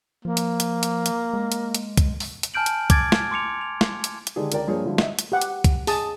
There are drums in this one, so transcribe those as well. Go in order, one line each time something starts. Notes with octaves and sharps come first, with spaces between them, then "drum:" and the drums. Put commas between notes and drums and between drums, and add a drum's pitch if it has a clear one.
F3 A#3
drum: hi-hat
drum: hi-hat
drum: hi-hat
drum: hi-hat
G#3
drum: hi-hat
drum: hi-hat
drum: kick, hi-hat
drum: open hi-hat
drum: hi-hat
G#5 A5 F6 G6 D7 F#7
drum: hi-hat
D6 G#6 A6 D7, drum: kick, hi-hat
drum: snare
C6 D6 C#7 F7
F7
drum: snare
drum: hi-hat
drum: hi-hat
D3 D#3 G#3 D4 G4 G#4
C#2 A#4 D5 G5, drum: hi-hat
G2 F3 A#3 D4 G#4 C#5
G2 D3 F3 E4 F#4
D#5 E5, drum: snare
drum: hi-hat
G4 F#5
drum: hi-hat
drum: kick, hi-hat
G#4 A5 D#6, drum: open hi-hat